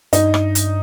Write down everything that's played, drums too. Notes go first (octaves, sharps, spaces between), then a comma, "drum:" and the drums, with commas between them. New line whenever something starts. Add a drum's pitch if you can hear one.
G2 D#4, drum: hi-hat
drum: rim click
drum: hi-hat